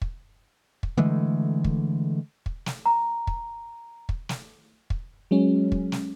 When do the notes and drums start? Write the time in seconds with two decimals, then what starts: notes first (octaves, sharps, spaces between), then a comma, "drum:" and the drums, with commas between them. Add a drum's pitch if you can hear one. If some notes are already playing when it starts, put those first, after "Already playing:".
0.02 drum: kick
0.83 drum: kick
0.97 D3 E3 G#3 A3
1.64 drum: kick
2.46 drum: kick
2.66 drum: snare
2.86 A#5
3.27 drum: kick
4.09 drum: kick
4.29 drum: snare
4.90 drum: kick
5.31 F#3 G#3 C#4
5.72 drum: kick
5.92 drum: snare